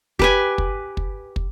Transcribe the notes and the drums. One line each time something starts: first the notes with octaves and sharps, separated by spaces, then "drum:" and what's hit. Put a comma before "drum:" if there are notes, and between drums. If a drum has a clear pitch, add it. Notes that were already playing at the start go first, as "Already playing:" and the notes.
G4 B4 G#5, drum: kick
drum: kick
drum: kick
drum: kick